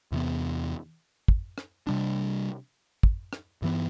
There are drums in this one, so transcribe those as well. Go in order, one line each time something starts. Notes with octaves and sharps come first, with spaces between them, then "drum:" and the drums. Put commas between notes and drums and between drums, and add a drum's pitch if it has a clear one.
E2 C3 E3 B3
drum: kick
drum: rim click
C3 G3 D4
drum: kick
drum: rim click
G2 E3 B3